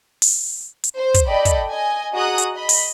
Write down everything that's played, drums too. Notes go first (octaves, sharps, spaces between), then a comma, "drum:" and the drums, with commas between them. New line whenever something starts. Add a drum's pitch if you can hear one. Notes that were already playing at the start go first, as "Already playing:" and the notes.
drum: open hi-hat
drum: hi-hat
C5
drum: kick, hi-hat
A4 D5 D#5 G5 B5
drum: kick, hi-hat
D#5 G#5
F#4 G#4 D#5 A#5 D#6 F#6
drum: hi-hat
D#5 B5
drum: open hi-hat